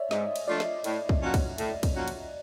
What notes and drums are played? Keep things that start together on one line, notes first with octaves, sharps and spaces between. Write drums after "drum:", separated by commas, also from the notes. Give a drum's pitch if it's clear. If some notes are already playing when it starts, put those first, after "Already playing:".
Already playing: C#5 D5 E5
G#2 D#5, drum: snare
drum: cymbal
F3 A3 D4 F4 D5
drum: snare
A2, drum: cymbal
drum: kick
F3 A#3 C#4 F#4
drum: kick, cymbal
A2, drum: cymbal
drum: kick, cymbal
F3 A#3 C#4 F#4
drum: cymbal